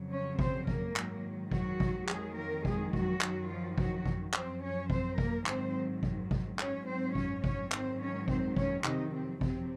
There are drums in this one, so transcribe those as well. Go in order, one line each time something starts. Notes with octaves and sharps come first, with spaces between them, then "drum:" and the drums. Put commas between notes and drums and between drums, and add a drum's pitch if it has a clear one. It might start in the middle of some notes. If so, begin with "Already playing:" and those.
Already playing: F2 C#3 F#3
C#4 C#5
C4 C5, drum: kick
A#3 A#4, drum: kick
G#2 D#3 F#3, drum: clap
F#3 F#4, drum: kick
drum: kick
F2 D#3 F#3 G#3 G#4, drum: clap
A#3 A#4
G#3 G#4, drum: kick
F#3 F#4, drum: kick
F#2 D#3 F#3, drum: clap
F3 F4
F#3 F#4, drum: kick
drum: kick
F#2 F3 C4 C5, drum: clap
C#4 C#5
C4 C5, drum: kick
A#3 A#4, drum: kick
G#2 D#3 F#3 C4 C5, drum: clap
drum: kick
drum: kick
G#2 F#3 C#4 C#5, drum: clap
C4 C5
C#4 C#5, drum: kick
C#4 C#5, drum: kick
G#2 D#3 F#3 C4 C5, drum: clap
C#4 C#5
C4 C5, drum: kick
C#4 C#5, drum: kick
F2 C3 D#3 F#3 D#4, drum: clap
C3 C4
C3 C4, drum: kick